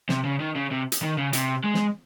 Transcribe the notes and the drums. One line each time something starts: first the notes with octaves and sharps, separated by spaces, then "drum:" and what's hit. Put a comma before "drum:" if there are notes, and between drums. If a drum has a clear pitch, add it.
C3, drum: snare
C#3
D#3
C#3
C3
drum: hi-hat
D#3
C#3
C3, drum: hi-hat
G#3
drum: snare